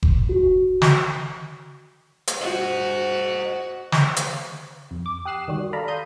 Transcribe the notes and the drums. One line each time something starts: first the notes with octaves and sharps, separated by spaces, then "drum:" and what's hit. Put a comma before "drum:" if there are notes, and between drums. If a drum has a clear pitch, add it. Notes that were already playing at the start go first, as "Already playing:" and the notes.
drum: kick F#1
F#4
drum: snare
drum: hi-hat
F#4 C5 D#5
drum: snare
drum: hi-hat
F2
D6
G4 D#6 F#6 C7 E7
D#3 G3 F#4
A4 D5 F5 A#5 B5
C6 D#6 G6 D#7